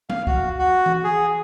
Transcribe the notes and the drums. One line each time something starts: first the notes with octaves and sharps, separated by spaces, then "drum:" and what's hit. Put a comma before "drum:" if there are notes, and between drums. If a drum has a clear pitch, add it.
F5, drum: tom F3
F#4, drum: kick
F#4
drum: tom E3
G#4